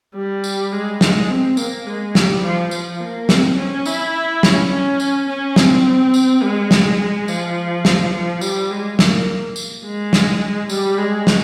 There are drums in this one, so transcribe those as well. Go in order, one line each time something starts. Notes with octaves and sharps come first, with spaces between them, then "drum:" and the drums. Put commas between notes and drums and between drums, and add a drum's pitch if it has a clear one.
G3
drum: tambourine
G#3
G#3, drum: snare
C4
A#3, drum: tambourine
G#3
G3, drum: snare
F3
F3, drum: tambourine
A#3
C4, drum: snare
C#4
E4, drum: tambourine
C#4, drum: snare
C#4
drum: tambourine
C#4
C4, drum: snare
drum: tambourine
G#3
drum: snare
F3, drum: tambourine
drum: snare
F3
G3, drum: tambourine
G#3
A#3, drum: snare
drum: tambourine
G#3
drum: snare
G3, drum: tambourine
G#3
drum: snare